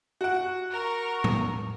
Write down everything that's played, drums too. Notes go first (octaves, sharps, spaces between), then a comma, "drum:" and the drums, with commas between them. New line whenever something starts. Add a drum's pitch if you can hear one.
F#4 F#5
A#4 C#6
drum: tom A2